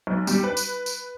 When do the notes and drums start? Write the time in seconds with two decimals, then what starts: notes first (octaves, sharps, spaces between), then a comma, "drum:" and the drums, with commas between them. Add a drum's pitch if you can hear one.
0.07 B1
0.27 G3, drum: tambourine
0.44 B4
0.57 drum: tambourine
0.86 drum: tambourine